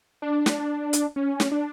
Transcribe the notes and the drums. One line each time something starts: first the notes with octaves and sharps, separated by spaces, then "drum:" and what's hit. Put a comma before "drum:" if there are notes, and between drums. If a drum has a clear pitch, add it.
D4
drum: snare
drum: hi-hat
C#4
drum: snare
D4